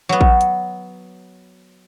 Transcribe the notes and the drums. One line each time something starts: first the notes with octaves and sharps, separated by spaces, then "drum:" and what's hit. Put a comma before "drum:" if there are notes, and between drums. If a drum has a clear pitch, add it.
F#3 B3
drum: kick A1
drum: hi-hat